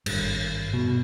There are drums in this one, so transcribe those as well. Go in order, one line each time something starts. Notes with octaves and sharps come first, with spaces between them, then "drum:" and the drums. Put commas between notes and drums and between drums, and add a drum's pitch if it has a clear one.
G#1 G2, drum: cymbal
B2